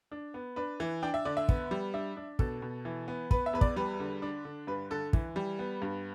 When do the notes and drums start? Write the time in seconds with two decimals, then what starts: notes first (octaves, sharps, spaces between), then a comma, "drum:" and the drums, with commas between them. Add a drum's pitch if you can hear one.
0.11 D4
0.34 B3
0.56 D4 B4
0.80 E3
1.03 D4 G5
1.14 E5
1.25 D3 D5
1.37 E5
1.49 B3, drum: kick
1.71 G3
1.94 D4 E5
2.17 D4
2.39 B2 A4, drum: kick
2.62 B2
2.85 E3
3.08 B3
3.31 B3 B4, drum: kick
3.46 E5
3.53 E2 B4
3.61 D5, drum: kick
3.76 G3 B4
4.00 D3
4.22 D4
4.45 D3
4.67 G2 B4
4.90 D3 A4
5.13 E3, drum: kick
5.36 G3
5.59 B3
5.82 G2